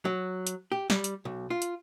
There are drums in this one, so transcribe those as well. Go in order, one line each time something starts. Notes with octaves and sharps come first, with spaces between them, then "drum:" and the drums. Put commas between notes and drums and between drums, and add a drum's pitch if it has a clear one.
F#3
drum: hi-hat
G4
G3, drum: snare
drum: hi-hat
B1
F4
drum: hi-hat